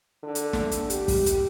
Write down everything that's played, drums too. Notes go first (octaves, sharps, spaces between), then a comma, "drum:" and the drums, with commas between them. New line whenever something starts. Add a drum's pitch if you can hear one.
D3
drum: hi-hat
drum: snare
drum: hi-hat
G4, drum: hi-hat
drum: kick, open hi-hat
drum: hi-hat